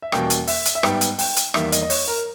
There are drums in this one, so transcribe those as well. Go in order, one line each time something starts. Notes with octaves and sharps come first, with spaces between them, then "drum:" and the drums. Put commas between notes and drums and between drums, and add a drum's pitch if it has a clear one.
E5
E2 B2 G3 A#3 C#4 G5, drum: rim click
drum: hi-hat
E5, drum: open hi-hat
drum: hi-hat
E5
G#2 G3 B3 G5, drum: rim click
drum: hi-hat
G5, drum: open hi-hat
drum: hi-hat
E2 D#3 G3 A#3 E5, drum: rim click
D#5, drum: hi-hat
D#5
C#5, drum: open hi-hat
A#4